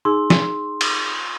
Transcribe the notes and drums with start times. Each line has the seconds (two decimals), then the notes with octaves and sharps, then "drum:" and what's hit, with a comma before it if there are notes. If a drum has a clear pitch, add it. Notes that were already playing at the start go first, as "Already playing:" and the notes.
0.05 D#4 G#4 C6 E6
0.30 drum: snare
0.81 drum: cymbal